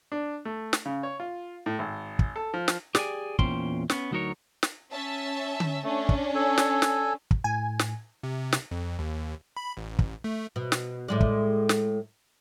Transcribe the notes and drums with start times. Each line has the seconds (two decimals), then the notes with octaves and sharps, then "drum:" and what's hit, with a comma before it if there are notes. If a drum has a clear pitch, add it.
0.12 D4
0.45 A3
0.73 drum: snare
0.86 C#3
1.03 C#5
1.20 F4
1.66 A2
1.79 G#1
2.19 drum: kick
2.36 A4
2.54 F3
2.68 drum: snare
2.95 G4 G#4 D5 D#5 G5 G#5, drum: snare
3.39 E2 A#2 C#4 C5 G5 C6, drum: kick
3.90 B3 C#4, drum: snare
4.11 D2 F#3 D#4 F#4 A#4 C#5
4.63 drum: snare
4.92 C#4 E5 A5
5.60 drum: tom D3
5.84 A3 C#4 D4
6.09 drum: kick
6.35 A4 G#5
6.58 drum: snare
6.82 drum: snare
7.31 drum: kick
7.44 A2 G#5
7.79 drum: snare
8.23 C3
8.52 drum: snare
8.71 F2
8.99 D#2
9.57 B5
9.77 A1
9.99 drum: kick
10.24 A3
10.56 B2
10.72 drum: snare
11.08 A2 G#3 D5
11.21 drum: kick
11.69 drum: snare